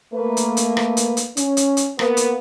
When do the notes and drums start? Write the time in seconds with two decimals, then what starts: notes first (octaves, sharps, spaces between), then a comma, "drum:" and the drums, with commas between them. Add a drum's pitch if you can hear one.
0.14 A3 A#3 B4
0.37 drum: hi-hat
0.57 drum: hi-hat
0.77 drum: rim click
0.97 drum: hi-hat
1.17 drum: hi-hat
1.37 C#4, drum: hi-hat
1.57 drum: hi-hat
1.77 drum: hi-hat
1.99 A#3 B3 B4, drum: rim click
2.17 drum: hi-hat